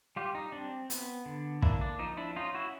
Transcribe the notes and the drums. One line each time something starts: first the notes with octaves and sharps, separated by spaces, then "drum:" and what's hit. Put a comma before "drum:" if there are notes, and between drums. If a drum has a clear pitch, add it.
G3 F4 G4
D#4
C4 D4
B3, drum: hi-hat
D3
A#3 D4 E4, drum: kick
D4
F3 D#4
D4 E4
C#4 D#4 F4
E4 F#4